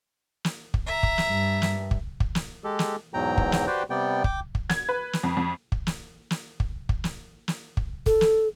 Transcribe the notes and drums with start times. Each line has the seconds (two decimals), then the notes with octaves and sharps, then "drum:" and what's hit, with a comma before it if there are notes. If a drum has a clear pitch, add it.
0.45 drum: snare
0.74 drum: kick
0.86 E5 A#5
1.03 drum: kick
1.18 drum: snare
1.29 G2
1.62 drum: snare
1.91 drum: kick
2.20 drum: kick
2.35 drum: snare
2.64 G#3 G4 A4
2.79 drum: snare
3.14 E2 G#2 B2 F#3 G5 A#5
3.38 drum: kick
3.52 drum: snare
3.67 F#4 G4 B4 C5 D5 G5
3.90 C3 G3 B3 D5 G5
4.24 G5 D6, drum: kick
4.55 drum: kick
4.70 G#6, drum: snare
4.89 B4
5.13 drum: snare
5.24 F2
5.37 F2
5.72 drum: kick
5.87 drum: snare
6.31 drum: snare
6.60 drum: kick
6.89 drum: kick
7.04 drum: snare
7.48 drum: snare
7.77 drum: kick
8.06 A4, drum: kick
8.21 drum: snare